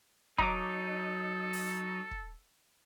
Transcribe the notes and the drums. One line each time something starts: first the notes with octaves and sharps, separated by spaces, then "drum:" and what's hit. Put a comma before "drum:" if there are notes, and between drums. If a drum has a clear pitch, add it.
F#3 D#4 A4 A#5 D6, drum: kick
drum: open hi-hat
drum: kick